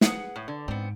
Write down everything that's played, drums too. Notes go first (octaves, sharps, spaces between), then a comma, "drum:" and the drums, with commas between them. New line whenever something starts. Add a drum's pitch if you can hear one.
G#4 B4 F#5, drum: snare
A2
D3
G#2 B3 C4